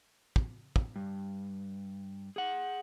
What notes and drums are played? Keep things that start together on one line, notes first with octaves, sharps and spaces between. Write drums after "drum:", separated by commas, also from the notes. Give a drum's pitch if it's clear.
drum: kick
drum: kick
G2
G#4 F#5